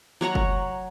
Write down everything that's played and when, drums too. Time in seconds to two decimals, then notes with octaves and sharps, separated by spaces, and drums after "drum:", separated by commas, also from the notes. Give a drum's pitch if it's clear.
0.21 F#3 C#5 F#5 A#5
0.35 drum: kick